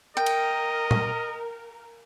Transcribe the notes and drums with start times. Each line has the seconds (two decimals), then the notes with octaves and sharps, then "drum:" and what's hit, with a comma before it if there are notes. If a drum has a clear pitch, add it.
0.17 A#4 D#5 G5
0.26 drum: cymbal
0.91 drum: tom